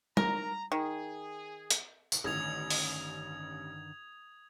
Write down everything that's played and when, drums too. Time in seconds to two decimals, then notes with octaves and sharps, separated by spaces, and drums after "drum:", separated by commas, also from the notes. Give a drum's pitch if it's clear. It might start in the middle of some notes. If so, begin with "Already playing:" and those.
0.17 A#4 A#5, drum: tom G3
0.72 D#3 G#4
1.70 drum: hi-hat
2.12 drum: tambourine
2.24 A1 G2 D3 D#3 D#6 G#6 F7
2.70 drum: open hi-hat